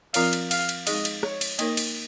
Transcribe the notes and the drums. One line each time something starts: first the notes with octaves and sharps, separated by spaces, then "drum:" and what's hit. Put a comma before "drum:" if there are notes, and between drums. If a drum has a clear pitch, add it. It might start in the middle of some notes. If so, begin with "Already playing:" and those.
F3 C4 F4 A#4 C#5 F5, drum: cymbal
drum: cymbal
F5, drum: cymbal
drum: cymbal
G#3 D#4 G#4 D#5, drum: cymbal
drum: cymbal
C#5, drum: rim click
drum: cymbal
A#3 D#4 A#4 C#5 D#5, drum: cymbal
drum: cymbal